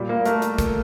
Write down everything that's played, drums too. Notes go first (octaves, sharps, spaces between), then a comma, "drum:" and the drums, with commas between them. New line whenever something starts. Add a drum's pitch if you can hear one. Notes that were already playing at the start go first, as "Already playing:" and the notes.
Already playing: A#2 G3
A#3
A3 A#4, drum: hi-hat
drum: hi-hat
drum: kick, hi-hat